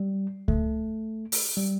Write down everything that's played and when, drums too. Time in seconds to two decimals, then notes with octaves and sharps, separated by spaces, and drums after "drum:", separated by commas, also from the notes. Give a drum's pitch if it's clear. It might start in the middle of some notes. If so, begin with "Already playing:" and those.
Already playing: G3
0.48 A3, drum: kick C#2
1.32 drum: open hi-hat
1.57 G3